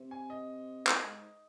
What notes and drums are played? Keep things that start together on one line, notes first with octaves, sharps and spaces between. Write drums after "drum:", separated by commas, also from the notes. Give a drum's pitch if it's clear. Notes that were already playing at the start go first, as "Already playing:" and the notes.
Already playing: C3
G#5
D#5
drum: clap
G#2